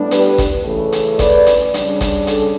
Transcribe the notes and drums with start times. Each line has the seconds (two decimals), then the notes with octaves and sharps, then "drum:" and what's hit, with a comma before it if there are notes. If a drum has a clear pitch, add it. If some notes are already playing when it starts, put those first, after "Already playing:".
Already playing: A2 G3 B3 D4
0.11 G4 B4, drum: hi-hat
0.38 drum: kick G#1, hi-hat
0.65 C#3 E3 A3
0.92 drum: hi-hat
1.19 B4 D5, drum: kick G#1, hi-hat
1.46 drum: hi-hat
1.74 C#3 G3 D4, drum: hi-hat
2.01 drum: kick G#1, hi-hat
2.27 A4, drum: hi-hat